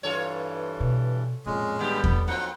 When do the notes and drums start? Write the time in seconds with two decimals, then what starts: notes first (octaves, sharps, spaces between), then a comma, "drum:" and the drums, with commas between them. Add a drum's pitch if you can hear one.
0.03 G2 E3 G3 F4 A4 C#5
0.80 B2
1.46 A1 F2 A#2 G#3 C#4
1.79 A2 D3 G3 B3 G4
2.04 drum: kick E2
2.28 F3 F#3 A#3 C4 D#4 F#5